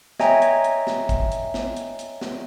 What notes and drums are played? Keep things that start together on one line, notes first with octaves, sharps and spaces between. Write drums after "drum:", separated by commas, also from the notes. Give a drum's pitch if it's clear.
C#5 D#5 E5 G5 G#5 A#5, drum: snare
drum: hi-hat
drum: hi-hat
drum: snare
drum: kick, hi-hat
drum: hi-hat
drum: snare
drum: hi-hat
drum: hi-hat
drum: snare